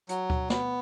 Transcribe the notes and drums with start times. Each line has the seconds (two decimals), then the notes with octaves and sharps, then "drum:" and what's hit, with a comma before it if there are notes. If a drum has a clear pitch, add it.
0.09 F#3, drum: hi-hat
0.30 drum: kick D2
0.50 B3, drum: snare